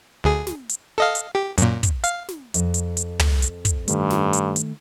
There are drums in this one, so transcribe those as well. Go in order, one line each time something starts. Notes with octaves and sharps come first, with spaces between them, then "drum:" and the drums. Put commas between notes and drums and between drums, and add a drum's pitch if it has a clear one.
D2 G#4
drum: snare
drum: hi-hat
A4 D#5 F5
drum: hi-hat
G4
F#2 A#2, drum: hi-hat
drum: kick, hi-hat
F5, drum: hi-hat
drum: snare
F2, drum: hi-hat
drum: hi-hat
drum: hi-hat
drum: tom
drum: hi-hat
drum: kick, hi-hat
G2 D#3 A3, drum: hi-hat
drum: snare
drum: hi-hat
drum: hi-hat